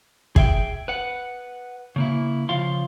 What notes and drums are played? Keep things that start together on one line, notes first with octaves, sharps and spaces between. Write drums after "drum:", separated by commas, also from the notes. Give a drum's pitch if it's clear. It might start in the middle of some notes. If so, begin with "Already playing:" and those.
G#4 E5 G5, drum: kick
B4 F#5
C#3 A#3 E4
C#3 F3 F4 F5 C6